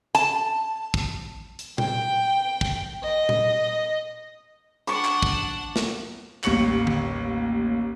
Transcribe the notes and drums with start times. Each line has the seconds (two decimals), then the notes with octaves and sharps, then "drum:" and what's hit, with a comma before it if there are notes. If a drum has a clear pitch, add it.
0.15 A5, drum: hi-hat
0.94 drum: kick
1.59 drum: hi-hat
1.78 G5, drum: tom A#2
2.61 drum: kick
3.03 D#5
3.29 drum: tom A#2
4.87 D4 F#5 C#6 D6, drum: hi-hat
5.05 drum: clap
5.22 drum: kick
5.76 drum: snare
6.44 A1 D#2 G3 C#6 C#7 F#7, drum: clap
6.87 drum: tom D3